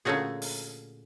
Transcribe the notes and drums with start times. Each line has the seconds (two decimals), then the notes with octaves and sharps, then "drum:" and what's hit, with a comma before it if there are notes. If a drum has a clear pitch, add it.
0.05 A#2 D3 A3 C#4 F#4 G#4
0.42 drum: open hi-hat